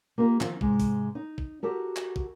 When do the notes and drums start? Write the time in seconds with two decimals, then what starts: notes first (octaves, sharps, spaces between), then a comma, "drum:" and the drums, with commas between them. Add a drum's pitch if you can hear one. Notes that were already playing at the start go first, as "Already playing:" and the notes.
0.18 A#3 F4 G4 A#4
0.41 D#3 F3 C4 F4, drum: clap
0.61 G#2 C3 G#3, drum: kick
0.80 drum: kick, open hi-hat
1.15 D#4
1.38 drum: kick
1.63 F#4 G4 A4 A#4
1.96 drum: clap
2.16 drum: kick